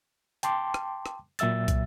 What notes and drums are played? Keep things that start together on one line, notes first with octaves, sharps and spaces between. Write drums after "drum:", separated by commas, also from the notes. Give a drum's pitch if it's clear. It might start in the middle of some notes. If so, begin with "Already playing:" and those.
G5 A5 C6 D6, drum: hi-hat
drum: rim click
drum: rim click
A#2 F#3 E5 E6 A6, drum: hi-hat
drum: kick, hi-hat